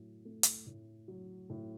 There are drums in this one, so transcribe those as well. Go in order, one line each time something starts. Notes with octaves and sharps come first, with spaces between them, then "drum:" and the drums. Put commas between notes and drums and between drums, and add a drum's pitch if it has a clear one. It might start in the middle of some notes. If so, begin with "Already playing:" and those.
Already playing: A2 F#3
A3
drum: hi-hat
A2
F#3
A2